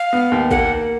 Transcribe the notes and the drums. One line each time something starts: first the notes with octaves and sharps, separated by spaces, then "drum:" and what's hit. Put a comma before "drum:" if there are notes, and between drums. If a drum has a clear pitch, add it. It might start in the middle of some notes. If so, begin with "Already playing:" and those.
Already playing: F5
B3
D#2
A#3 F#5, drum: kick